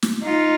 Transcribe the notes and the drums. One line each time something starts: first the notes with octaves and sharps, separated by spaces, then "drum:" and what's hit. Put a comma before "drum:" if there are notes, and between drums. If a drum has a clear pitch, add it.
drum: snare
D#4 F4